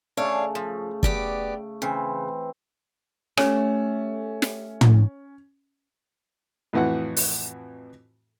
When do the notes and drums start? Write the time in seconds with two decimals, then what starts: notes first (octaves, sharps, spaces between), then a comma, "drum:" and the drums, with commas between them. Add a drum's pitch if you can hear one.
0.17 C#3 A3 D4 C#5 F5
0.55 F3
1.03 B3 G4 D5, drum: kick
1.82 C#3 E3 C4
3.37 A3 C#4 G4 C#5 G#5, drum: rim click
4.42 drum: snare
4.81 drum: tom
6.73 F2 A2 E3 F#4 F#5
7.17 drum: open hi-hat